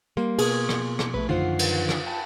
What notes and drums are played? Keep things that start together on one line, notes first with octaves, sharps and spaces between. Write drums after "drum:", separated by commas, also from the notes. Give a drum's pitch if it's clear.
G3 A#3 C6
B2 G#4, drum: cymbal
drum: rim click
drum: rim click
A#1 A3 B4
F#2 D3 D#3 F3 F4 C5 F#5 C7
drum: cymbal
drum: rim click
G5 A5 B5